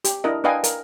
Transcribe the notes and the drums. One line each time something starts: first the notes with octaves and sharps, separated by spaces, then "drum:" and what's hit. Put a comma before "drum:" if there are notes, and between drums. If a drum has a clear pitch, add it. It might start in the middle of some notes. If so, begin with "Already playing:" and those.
G4, drum: hi-hat
D4 E4 A#4 D#5
D4 B4 D#5 F5 G5 G#5
A#4, drum: hi-hat